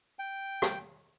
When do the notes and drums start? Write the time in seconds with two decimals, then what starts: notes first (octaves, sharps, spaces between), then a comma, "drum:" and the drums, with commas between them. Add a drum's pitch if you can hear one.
0.19 G5
0.62 drum: rim click